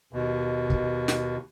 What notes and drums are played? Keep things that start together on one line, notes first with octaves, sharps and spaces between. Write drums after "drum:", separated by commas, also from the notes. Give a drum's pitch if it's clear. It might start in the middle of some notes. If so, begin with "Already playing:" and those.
D#2 B2
drum: kick
drum: snare